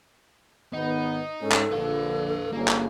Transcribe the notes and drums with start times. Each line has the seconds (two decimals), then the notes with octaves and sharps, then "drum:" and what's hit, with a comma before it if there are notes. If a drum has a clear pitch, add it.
0.74 G#1 D#3 B3 D#4
1.41 G#2 C#4 A4
1.52 drum: clap
1.71 A#1 D3 B4 F5
2.52 G1 C#3 A#3
2.68 drum: clap